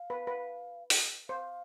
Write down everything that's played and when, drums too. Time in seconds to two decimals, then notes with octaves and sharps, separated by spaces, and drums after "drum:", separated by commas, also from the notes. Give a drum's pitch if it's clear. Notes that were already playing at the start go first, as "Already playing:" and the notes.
Already playing: F5
0.10 B4
0.27 B4
0.90 drum: open hi-hat
1.29 C5 F5